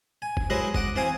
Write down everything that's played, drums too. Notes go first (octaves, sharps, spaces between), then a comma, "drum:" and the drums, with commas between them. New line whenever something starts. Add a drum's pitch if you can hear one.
G#5
drum: kick
F#3 G#3 E4 B4 C5 D#5
D#5 F#5 D6, drum: kick
E3 C4 C5 F5 G#5 D#6